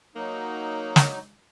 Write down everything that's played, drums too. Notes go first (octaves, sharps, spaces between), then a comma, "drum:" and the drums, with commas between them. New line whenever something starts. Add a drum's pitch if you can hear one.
F#3 A#3 D#4
drum: snare